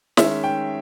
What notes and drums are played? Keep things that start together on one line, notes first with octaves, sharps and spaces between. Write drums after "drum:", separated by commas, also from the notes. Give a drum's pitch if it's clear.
D#3 G#3 C#4 E5, drum: snare
G5